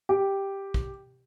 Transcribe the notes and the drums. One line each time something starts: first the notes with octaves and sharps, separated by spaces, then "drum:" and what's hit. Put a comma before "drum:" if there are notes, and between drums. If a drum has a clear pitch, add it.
G4
drum: kick